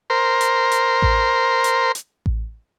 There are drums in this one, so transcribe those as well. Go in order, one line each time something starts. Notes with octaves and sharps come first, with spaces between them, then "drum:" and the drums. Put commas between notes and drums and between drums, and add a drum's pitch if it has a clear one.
A#4 C5
drum: hi-hat
drum: hi-hat
drum: kick A1
drum: hi-hat
drum: hi-hat
drum: kick A1